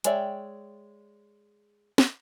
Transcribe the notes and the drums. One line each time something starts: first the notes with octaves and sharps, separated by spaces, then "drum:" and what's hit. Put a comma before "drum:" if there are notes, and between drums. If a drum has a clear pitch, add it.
G#3 C#5 D5 E5 G5, drum: hi-hat
drum: snare